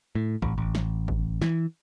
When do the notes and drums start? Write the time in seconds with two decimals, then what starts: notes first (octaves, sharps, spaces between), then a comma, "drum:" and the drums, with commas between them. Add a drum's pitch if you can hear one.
0.15 A2
0.42 A1, drum: kick
0.58 A1
0.75 drum: snare
1.08 drum: kick
1.42 E3, drum: snare